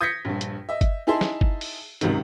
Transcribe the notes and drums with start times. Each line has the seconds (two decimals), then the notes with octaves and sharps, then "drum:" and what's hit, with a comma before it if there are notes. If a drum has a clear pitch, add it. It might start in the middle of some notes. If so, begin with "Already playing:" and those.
0.01 D#6 G6 G#6 A#6 B6 C#7
0.25 A#1 G2
0.41 drum: hi-hat
0.69 D#5 E5
0.81 drum: kick G1, hi-hat
1.07 D#4 E4 G#4 E5 A5 C6
1.21 drum: snare
1.41 drum: kick G1
1.61 drum: open hi-hat
2.01 G#1 C#2 F#2 C3 D#3, drum: hi-hat